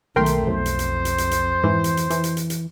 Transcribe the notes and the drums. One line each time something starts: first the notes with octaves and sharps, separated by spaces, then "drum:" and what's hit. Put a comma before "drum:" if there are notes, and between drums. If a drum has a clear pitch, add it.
B1 D#3 A3 A#4 G5 C6
drum: hi-hat
B1 F2 C5
drum: hi-hat
drum: hi-hat
drum: hi-hat
drum: hi-hat
drum: hi-hat
G#2 E3
drum: hi-hat
drum: hi-hat
E3, drum: hi-hat
drum: hi-hat
drum: hi-hat
drum: hi-hat